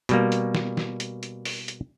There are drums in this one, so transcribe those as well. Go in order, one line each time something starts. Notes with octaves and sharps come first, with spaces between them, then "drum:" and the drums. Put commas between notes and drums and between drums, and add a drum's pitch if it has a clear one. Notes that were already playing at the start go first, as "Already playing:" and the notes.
B2 G3 A#3, drum: hi-hat
drum: hi-hat
drum: snare
drum: snare
drum: hi-hat
drum: hi-hat
drum: open hi-hat
drum: hi-hat